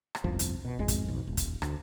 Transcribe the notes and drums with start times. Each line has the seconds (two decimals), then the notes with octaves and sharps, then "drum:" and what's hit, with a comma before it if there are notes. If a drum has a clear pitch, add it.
0.15 drum: rim click
0.24 G1 C2 F2 F3
0.39 drum: hi-hat
0.65 B2
0.79 G#1 F2 G#3
0.88 drum: kick, hi-hat
1.04 B1 F2
1.27 D#1
1.37 drum: kick, hi-hat
1.62 D2, drum: rim click